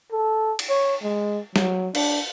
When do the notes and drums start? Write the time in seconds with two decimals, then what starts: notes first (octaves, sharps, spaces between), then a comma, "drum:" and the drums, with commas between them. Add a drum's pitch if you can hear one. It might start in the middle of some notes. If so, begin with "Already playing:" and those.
0.12 A4
0.59 drum: cymbal
0.69 C#5
1.02 G#3
1.56 F#3, drum: snare
1.95 D4, drum: cymbal